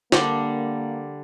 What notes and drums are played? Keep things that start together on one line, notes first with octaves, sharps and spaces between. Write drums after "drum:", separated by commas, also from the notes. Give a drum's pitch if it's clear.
D3 G3 A#3 D4, drum: snare